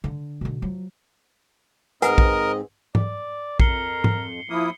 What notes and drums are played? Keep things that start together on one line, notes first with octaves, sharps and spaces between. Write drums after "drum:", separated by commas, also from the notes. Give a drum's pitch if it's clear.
D3
B2 D3
F3 F#3
G#2 C4 A#4 B4 D#5 F#5 G#5, drum: hi-hat
drum: kick A#1
D5, drum: tom G#2
F2 A#4 C7 C#7 G7, drum: kick A#1
drum: tom G#2
F3 A#3 E4 D#6